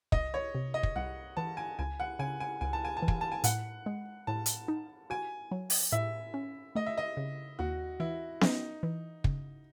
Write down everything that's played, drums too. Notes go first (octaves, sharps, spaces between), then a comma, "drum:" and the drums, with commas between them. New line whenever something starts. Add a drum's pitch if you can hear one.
C2 D#5, drum: kick
C#5
C3
D#5
drum: kick
C2 F#5
E3 A5
G#5
C#2 G#5
F#5
C#3 G#5
G#5
C#2 G#5
A5
G#5
A5
E3
G#5, drum: kick
A5
G#5
A2 F#5, drum: hi-hat
G#3
A2 A5
drum: hi-hat
D#4
F#4 G#5
F#3
drum: open hi-hat
A2 E5
C#4
A3 D#5
E5
D#5
C#3
D#2 F#4
E3 E4
C#4 D#4, drum: snare B3
E3
C#3, drum: kick